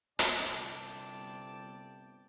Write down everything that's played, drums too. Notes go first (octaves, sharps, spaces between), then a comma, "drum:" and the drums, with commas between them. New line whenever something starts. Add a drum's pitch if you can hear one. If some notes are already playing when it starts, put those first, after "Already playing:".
G1 C2 C3 D5 G5 A5, drum: hi-hat